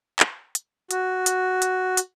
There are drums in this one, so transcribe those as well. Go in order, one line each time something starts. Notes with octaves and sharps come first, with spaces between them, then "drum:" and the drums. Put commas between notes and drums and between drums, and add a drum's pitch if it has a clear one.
drum: clap
drum: hi-hat
F#4, drum: hi-hat
drum: hi-hat
drum: hi-hat
drum: hi-hat